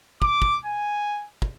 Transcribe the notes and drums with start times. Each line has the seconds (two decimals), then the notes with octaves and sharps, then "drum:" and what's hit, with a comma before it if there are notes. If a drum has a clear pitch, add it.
0.22 D6, drum: kick
0.42 drum: kick
0.65 G#5
1.42 drum: kick